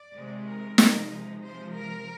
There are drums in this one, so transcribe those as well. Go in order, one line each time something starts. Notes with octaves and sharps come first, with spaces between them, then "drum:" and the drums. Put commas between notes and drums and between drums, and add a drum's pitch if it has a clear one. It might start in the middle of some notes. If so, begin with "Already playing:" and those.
Already playing: D5
C3 D#3 G#3 C4
A#4
C3 F3 G#3 D#4, drum: snare
C3 F3 G#3 C5
A#4